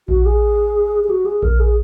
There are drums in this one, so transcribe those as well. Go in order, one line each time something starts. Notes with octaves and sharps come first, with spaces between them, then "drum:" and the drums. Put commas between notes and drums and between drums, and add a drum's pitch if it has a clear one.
F#4, drum: kick A#1
G#4
G#4
F#4
G#4
A#4, drum: kick A#1
G#4